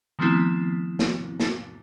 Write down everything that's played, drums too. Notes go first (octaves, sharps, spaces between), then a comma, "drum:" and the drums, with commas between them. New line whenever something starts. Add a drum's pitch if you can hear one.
D#3 F3 A3 B3 C4 E4
drum: snare
drum: snare